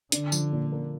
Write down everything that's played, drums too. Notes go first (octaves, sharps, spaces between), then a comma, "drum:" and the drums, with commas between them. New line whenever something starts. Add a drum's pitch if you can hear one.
D3 D4, drum: hi-hat
F3, drum: tambourine
A#2
A#3